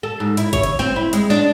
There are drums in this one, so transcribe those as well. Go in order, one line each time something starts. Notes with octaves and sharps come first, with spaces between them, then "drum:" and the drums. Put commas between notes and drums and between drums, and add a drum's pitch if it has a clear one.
A4
G#2
E4, drum: hi-hat
C#5, drum: kick G1, hi-hat
drum: hi-hat
C4, drum: snare
E4
G#3, drum: hi-hat
D4, drum: snare